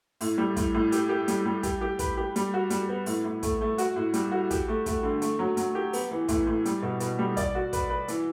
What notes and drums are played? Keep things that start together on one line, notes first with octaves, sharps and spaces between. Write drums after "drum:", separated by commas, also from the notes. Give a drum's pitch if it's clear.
A2, drum: open hi-hat
G3
A2, drum: kick, hi-hat
A2
G4, drum: hi-hat
G4
G3, drum: hi-hat
G3
G4, drum: kick, hi-hat
G4
B4, drum: kick, hi-hat
G4
G3, drum: hi-hat
F#4
G3, drum: hi-hat
B3
A2, drum: open hi-hat
A2
A3, drum: kick, hi-hat
A3
F#4, drum: hi-hat
A2
G3, drum: hi-hat
F#4
G4, drum: kick, hi-hat
A3
A3, drum: kick, hi-hat
D3
A3, drum: hi-hat
F#3
F#3, drum: hi-hat
G4
B3, drum: open hi-hat
E3
A2, drum: kick, hi-hat
A2
G3, drum: hi-hat
B2
B2, drum: hi-hat
G3
D5, drum: kick, hi-hat
F#4
B4, drum: kick, hi-hat
B4
E3, drum: hi-hat